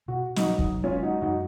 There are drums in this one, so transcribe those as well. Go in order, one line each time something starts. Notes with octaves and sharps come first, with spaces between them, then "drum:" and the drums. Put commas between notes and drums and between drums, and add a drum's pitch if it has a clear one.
B2 F#4
D#4 F#4, drum: snare
F#3
drum: kick
G#3 C#4 F4
D#4 F#4
F#2 D#4 F#4